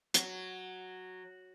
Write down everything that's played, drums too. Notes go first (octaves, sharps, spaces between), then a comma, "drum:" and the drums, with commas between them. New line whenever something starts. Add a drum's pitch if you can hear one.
F#3, drum: hi-hat